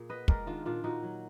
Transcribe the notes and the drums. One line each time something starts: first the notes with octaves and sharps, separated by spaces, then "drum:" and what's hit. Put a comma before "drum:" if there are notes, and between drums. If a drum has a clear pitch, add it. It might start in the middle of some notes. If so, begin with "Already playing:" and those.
Already playing: A#2 G#4
B3 B4 D#5
G#3 A#4 D5, drum: kick
D#3 D4 F4
A#2 D4 F4
A#2 D#4 F#4
F#3